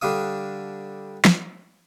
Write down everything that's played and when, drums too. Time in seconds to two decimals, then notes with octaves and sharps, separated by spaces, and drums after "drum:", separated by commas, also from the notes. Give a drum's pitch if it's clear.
0.02 D3 G3 D4 F5 D#6
1.25 drum: snare